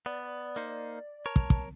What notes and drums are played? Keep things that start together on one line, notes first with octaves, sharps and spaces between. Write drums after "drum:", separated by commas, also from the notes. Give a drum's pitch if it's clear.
B3 D5
A#3 D#4 C5
A#4 C#5 A5
drum: kick
drum: kick